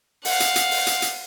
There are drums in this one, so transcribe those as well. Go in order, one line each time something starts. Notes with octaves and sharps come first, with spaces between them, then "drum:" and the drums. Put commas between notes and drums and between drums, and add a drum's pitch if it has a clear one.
F5 F#5, drum: open hi-hat
drum: hi-hat
drum: hi-hat
drum: open hi-hat
drum: hi-hat
drum: hi-hat